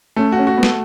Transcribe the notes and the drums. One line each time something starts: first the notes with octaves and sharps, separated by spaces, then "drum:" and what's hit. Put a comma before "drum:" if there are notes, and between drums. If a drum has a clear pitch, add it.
A3 C#4
F#4
C#4
F#4
B3
A3, drum: snare